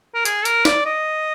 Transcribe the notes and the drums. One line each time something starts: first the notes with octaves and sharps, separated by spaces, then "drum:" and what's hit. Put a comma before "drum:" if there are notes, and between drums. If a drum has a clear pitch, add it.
A#4
G#4, drum: hi-hat
A#4, drum: hi-hat
D5, drum: snare
D#5